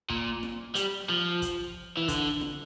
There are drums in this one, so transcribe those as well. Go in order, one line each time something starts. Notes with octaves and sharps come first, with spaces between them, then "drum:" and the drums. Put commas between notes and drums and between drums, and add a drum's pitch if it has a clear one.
A#2, drum: kick
drum: snare
G3, drum: hi-hat
F3
drum: kick, hi-hat
E3
D3, drum: kick, hi-hat
drum: snare